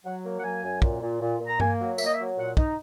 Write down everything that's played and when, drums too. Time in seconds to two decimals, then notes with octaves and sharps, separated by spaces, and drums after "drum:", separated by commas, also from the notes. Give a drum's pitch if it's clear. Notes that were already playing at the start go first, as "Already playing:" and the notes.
0.04 F#3 F#5
0.23 A#3
0.39 F#5
0.43 F#3 G#5
0.63 F#2
0.82 A#2, drum: kick
1.01 A#2
1.21 A#2
1.40 A#2
1.47 A#5
1.60 A#3 G#5, drum: tom G2
1.79 F#3
1.98 A#3 E5, drum: tambourine
2.06 D#5
2.14 E5
2.18 F#3
2.37 A#2 F#5
2.57 D#4, drum: kick